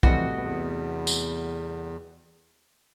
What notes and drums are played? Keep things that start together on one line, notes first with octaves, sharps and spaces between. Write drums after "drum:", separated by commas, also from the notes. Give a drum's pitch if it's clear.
C3 E3 F3 G3 A3 C4 F#4 D#5, drum: kick
E2 B3
drum: tambourine